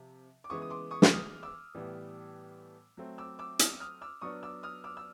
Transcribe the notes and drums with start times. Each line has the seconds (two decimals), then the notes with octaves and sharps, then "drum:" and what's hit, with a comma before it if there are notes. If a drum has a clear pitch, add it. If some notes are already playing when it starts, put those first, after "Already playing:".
Already playing: C3 F3
0.44 D6
0.50 C#3 E3 G#3 B3 C#6 D#6
0.62 D#6
0.70 C6 D6
0.91 C#6 D#6
1.02 drum: snare
1.12 D#6 F6
1.43 D6 E6
1.74 A2 E3 G3 B3
2.97 F#3 A3 C4
3.18 D6 E6
3.39 D6 E6
3.59 D#6 F6, drum: hi-hat
3.80 D#6 F6
4.01 D6 E6
4.21 F#3 B3 D4 C#6 D#6
4.43 D6 E6
4.63 D#6 F6
4.84 D6 E6
4.97 E6